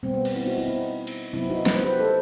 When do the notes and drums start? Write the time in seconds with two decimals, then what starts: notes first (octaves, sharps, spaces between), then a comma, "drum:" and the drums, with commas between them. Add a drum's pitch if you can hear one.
0.03 B2 G3 B3 C4
0.14 B3
0.25 B3, drum: cymbal
0.35 C4 E4
0.46 D#4 F#4
0.58 C4 E4
0.68 B3 D#4
1.07 drum: cymbal
1.33 C3 F#3 B3 C4 E4
1.50 D#4 F#4
1.66 B4, drum: snare
1.75 C5
1.84 G4 B4
1.99 A4 C5